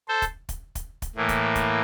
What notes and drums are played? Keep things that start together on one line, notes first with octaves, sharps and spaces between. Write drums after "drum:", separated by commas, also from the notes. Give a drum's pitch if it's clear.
A4 C5
drum: kick, hi-hat
drum: kick, hi-hat
drum: kick, hi-hat
drum: kick, hi-hat
A2 E3 A#3
drum: kick, hi-hat
drum: kick, hi-hat